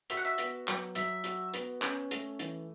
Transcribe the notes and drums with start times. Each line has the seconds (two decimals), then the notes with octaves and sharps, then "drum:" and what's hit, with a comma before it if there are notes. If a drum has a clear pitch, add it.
0.10 F#4 E5, drum: hi-hat
0.17 F#5
0.25 E5
0.38 B3, drum: hi-hat
0.68 F#3, drum: clap
0.95 F#3 E5, drum: hi-hat
1.24 F#4, drum: hi-hat
1.54 B3, drum: hi-hat
1.82 C#4, drum: clap
2.11 A3, drum: hi-hat
2.39 E3, drum: hi-hat